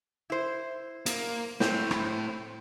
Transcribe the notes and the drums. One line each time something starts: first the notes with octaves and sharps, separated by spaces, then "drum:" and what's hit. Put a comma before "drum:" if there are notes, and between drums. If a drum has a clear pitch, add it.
E4 C5
A#3, drum: hi-hat
A2 C4, drum: snare
drum: rim click